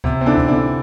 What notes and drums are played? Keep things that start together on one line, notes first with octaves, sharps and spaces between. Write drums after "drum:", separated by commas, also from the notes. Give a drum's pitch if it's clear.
C3, drum: kick C#2
C4
D3 E3 D4
drum: kick C#2
D3 E3 D4